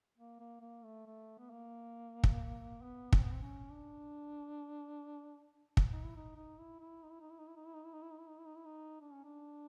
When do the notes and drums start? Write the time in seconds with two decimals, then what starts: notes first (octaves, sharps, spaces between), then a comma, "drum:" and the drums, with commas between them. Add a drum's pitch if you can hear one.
0.18 A#3
0.40 A#3
0.61 A#3
0.84 A3
1.06 A3
1.39 B3
1.50 A#3
2.24 drum: kick
2.82 B3
3.13 C4, drum: kick
3.23 B3
3.32 C4
3.42 C#4
3.71 D4
5.77 drum: kick
5.92 D#4
6.03 E4
6.16 D#4
6.36 D#4
6.58 E4
6.80 E4
7.03 D#4
7.11 E4
7.20 D#4
7.30 E4
7.38 D#4
7.47 E4
7.56 D#4
7.66 E4
7.74 D#4
7.84 E4
7.93 D#4
8.02 E4
8.11 D#4
8.19 E4
8.28 D#4
8.38 E4
8.46 D#4
8.55 E4
8.65 D#4
9.01 D4
9.12 C#4
9.25 D4